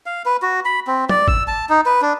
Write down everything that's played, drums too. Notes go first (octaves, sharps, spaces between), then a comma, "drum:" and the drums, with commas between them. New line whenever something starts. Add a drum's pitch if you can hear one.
F5
B4
F#4
B5
C4
D5, drum: tom
E6, drum: kick G#1
A5
D#4
B4
D4